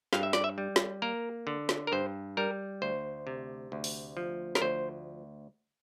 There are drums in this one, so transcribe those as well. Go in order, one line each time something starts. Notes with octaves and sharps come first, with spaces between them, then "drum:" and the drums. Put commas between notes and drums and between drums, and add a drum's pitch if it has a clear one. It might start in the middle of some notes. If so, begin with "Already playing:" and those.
G2 F5, drum: snare
E5
D5, drum: snare
E5
G3
drum: snare
A#3 A#4
D3
drum: snare
A#4
G2 C5
G3 A#4
D2 C5
C3
D2
drum: open hi-hat
F3
A#4, drum: snare
D2 C5